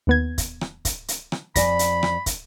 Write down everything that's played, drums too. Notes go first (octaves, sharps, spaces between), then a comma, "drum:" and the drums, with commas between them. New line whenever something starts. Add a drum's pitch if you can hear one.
D#2 B3 G#6
drum: kick, hi-hat
drum: rim click
drum: kick, hi-hat
drum: hi-hat
drum: rim click
F2 D5 G#5 B5 A#6, drum: kick, hi-hat
drum: hi-hat
drum: rim click
drum: kick, hi-hat